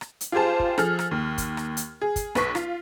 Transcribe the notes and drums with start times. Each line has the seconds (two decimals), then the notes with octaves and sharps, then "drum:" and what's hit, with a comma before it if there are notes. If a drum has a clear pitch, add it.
0.01 drum: rim click
0.21 drum: hi-hat
0.32 F4 G4 G#4 C5 A5
0.60 drum: kick
0.78 F3 G#4 A4 F6, drum: rim click
0.99 drum: rim click
1.11 D#2
1.38 drum: kick, hi-hat
1.57 drum: rim click
1.77 drum: hi-hat
2.01 G#4
2.16 drum: kick, hi-hat
2.35 B1 B4 C#6 B6, drum: rim click
2.55 F4, drum: rim click